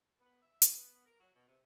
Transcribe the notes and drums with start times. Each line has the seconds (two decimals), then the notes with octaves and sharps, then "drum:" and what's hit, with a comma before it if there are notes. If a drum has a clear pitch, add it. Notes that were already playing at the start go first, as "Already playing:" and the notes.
0.20 B3
0.42 E5
0.62 G2, drum: hi-hat
0.76 B3
1.05 A#4
1.20 F#3
1.36 B2
1.48 C3